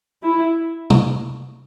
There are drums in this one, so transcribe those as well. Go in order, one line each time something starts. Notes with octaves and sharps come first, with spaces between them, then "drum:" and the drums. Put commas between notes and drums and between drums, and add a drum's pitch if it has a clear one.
E4
drum: tom